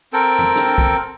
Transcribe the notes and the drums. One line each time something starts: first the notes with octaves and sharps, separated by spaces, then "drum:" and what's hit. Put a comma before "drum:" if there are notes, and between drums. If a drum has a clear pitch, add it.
C4 A4 A#4 G5
drum: tom F2
drum: snare
drum: kick